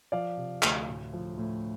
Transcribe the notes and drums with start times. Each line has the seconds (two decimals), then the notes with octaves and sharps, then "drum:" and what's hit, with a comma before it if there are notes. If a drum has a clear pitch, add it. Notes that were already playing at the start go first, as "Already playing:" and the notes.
0.12 F3 D5 F5
0.37 C3
0.63 D2, drum: clap
0.88 A2
1.13 F3
1.38 A2